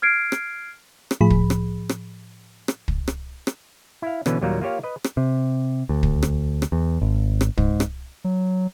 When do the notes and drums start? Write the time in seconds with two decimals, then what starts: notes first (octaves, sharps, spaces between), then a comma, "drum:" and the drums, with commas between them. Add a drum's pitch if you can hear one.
0.02 F6 G#6 C7 D7
0.32 drum: rim click
1.11 drum: rim click
1.21 A2 F3 G#4 B5
1.30 drum: kick
1.50 drum: rim click
1.89 drum: rim click
2.68 drum: rim click
2.88 drum: kick
3.08 drum: rim click
3.47 drum: rim click
4.02 E4 F5
4.26 B2 D3 E3 B3 C#4 B4, drum: rim click
4.41 D#2 A#2 F#3 G3 A#3 A#5
4.61 A#3 F4 G4 C#5 F5
4.84 B4 D#5
5.04 drum: rim click
5.17 C3
5.89 D2
6.03 drum: kick
6.23 drum: rim click
6.62 drum: rim click
6.72 E2
7.01 G#1
7.41 drum: rim click
7.58 G#2, drum: kick
7.80 drum: rim click
8.24 F#3